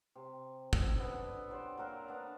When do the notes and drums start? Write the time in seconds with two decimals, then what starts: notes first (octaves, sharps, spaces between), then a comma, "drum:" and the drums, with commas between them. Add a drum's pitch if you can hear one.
0.16 C3
0.73 A4, drum: kick
0.99 B3 D4
1.49 F#3 G4 C5 D5
1.78 F#3 A#3 A#4 F#5
2.08 B3 D4